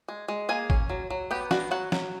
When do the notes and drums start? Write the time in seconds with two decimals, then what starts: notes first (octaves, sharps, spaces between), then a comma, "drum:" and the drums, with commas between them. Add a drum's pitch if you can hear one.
0.08 G#3
0.28 G#3
0.49 A#3 G#4 G#5
0.70 C#4, drum: kick
0.90 F#3
1.10 F#3
1.31 B3 G4 G5
1.51 D4 F#4 F#5, drum: snare
1.71 F#3 F#4 F#5
1.92 F#3, drum: snare